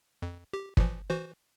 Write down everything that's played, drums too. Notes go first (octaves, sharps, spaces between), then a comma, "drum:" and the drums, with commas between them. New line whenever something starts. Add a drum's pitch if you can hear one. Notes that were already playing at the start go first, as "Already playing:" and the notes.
F2
G4
A#2 E3 F3, drum: kick
E3 F#4 C5